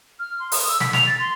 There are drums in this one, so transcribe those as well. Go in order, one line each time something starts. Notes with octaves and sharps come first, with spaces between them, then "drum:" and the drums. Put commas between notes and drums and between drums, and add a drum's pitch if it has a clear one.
F6
C6
D#6, drum: open hi-hat
E6
B6, drum: snare
F7, drum: snare
A6
C6